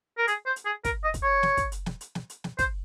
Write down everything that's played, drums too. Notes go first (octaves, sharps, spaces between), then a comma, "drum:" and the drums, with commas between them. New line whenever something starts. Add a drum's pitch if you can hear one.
A#4
G#4, drum: hi-hat
C5
drum: hi-hat
G#4
A#4, drum: kick, hi-hat
D#5
drum: kick, hi-hat
C#5
drum: snare
drum: kick, hi-hat
drum: hi-hat
drum: snare
drum: hi-hat
drum: snare
drum: hi-hat
drum: snare
C5, drum: kick, hi-hat